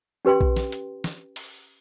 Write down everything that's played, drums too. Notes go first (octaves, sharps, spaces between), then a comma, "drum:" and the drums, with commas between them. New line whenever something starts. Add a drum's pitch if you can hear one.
C#4 G4 B4 G5 C6
drum: kick A#1
drum: snare
drum: hi-hat
drum: snare
drum: open hi-hat